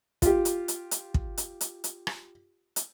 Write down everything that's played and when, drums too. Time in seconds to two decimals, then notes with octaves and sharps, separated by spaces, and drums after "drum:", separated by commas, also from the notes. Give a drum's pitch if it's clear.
0.22 F4 G4, drum: kick, hi-hat
0.45 drum: hi-hat
0.68 drum: hi-hat
0.91 drum: hi-hat
1.14 drum: kick
1.38 drum: hi-hat
1.61 drum: hi-hat
1.84 drum: hi-hat
2.07 drum: rim click
2.76 drum: hi-hat